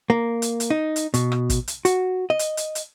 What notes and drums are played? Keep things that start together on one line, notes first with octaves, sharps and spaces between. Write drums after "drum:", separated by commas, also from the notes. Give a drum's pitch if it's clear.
A#3
drum: hi-hat
drum: hi-hat
D#4
drum: hi-hat
B2, drum: hi-hat
drum: rim click
drum: kick, hi-hat
drum: hi-hat
F#4, drum: hi-hat
D#5
drum: hi-hat
drum: hi-hat
drum: hi-hat